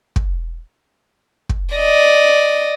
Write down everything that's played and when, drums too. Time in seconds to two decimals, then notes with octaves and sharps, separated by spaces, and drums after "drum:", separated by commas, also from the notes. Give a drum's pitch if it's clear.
0.16 drum: kick
1.49 drum: kick
1.75 D5 D#5